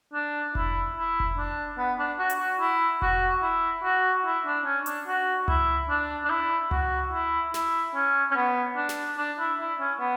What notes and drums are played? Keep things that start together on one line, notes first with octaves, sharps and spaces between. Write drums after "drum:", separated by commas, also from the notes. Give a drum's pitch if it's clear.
D4
E4, drum: kick F1
E4
drum: kick F1
D4
B3
D4
F#4
drum: hi-hat
F#4
E4
F#4, drum: kick F1
E4
F#4
E4
D4
C#4
D4, drum: hi-hat
F#4
E4, drum: tom C#2
D4
D4
E4
F#4, drum: tom C#2
E4
E4, drum: snare
C#4
C#4
B3
D4
drum: snare
D4
E4
E4
C#4
B3